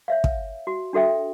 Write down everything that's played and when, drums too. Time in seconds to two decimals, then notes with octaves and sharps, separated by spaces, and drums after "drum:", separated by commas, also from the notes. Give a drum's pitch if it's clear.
0.08 C#5 E5 F5
0.24 drum: kick
0.67 F#4
0.93 D4 F#4 A4 E5 G5